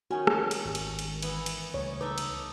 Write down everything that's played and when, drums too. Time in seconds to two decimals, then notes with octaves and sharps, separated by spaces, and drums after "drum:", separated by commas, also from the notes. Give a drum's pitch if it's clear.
0.11 D#3 C#4 F#4 G#5
0.27 drum: rim click
0.51 drum: cymbal
0.65 G#1
0.75 drum: cymbal
0.99 drum: cymbal
1.22 E3 B3, drum: cymbal
1.46 drum: cymbal
1.74 C#2 G3 A3 C#5
2.01 D#4 A4 B4 E5 D6
2.18 drum: cymbal